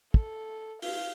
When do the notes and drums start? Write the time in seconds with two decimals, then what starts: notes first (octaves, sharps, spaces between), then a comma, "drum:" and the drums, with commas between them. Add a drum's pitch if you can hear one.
0.14 A4, drum: kick
0.82 F5, drum: open hi-hat